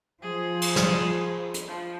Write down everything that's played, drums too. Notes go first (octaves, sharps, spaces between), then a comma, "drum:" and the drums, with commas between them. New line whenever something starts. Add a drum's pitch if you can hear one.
F3 G#4
drum: cymbal
drum: snare
drum: hi-hat
F3